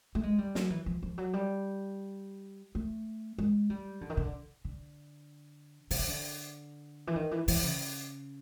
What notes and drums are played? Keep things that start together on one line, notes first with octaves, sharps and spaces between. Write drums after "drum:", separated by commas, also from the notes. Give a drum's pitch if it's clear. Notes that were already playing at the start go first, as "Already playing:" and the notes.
A3
G#3
G3
F#3, drum: snare
E3
F3
F3
F#3
G3
A3
G#3
G3
D3
D#3
D3
D3
D3, drum: open hi-hat
D#3
D3
E3
D#3
E3
E3, drum: open hi-hat
C#3